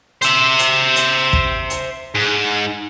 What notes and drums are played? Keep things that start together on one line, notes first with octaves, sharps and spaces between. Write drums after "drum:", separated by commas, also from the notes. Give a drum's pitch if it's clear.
C5 E5, drum: hi-hat
drum: hi-hat
drum: hi-hat
drum: kick
drum: hi-hat
G#2